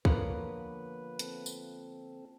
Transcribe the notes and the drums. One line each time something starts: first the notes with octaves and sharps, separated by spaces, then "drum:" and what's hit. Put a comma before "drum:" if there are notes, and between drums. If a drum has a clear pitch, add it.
D3 F3 A#3 B3 B4 C#5, drum: kick
C4 A4, drum: hi-hat
drum: tambourine